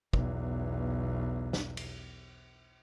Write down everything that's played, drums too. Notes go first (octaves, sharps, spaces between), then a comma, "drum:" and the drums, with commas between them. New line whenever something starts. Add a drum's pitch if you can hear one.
B1 E2, drum: kick
drum: snare
drum: cymbal